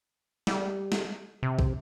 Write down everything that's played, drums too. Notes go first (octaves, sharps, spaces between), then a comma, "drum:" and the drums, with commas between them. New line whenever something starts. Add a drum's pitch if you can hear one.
G3, drum: snare
drum: snare
C3
drum: kick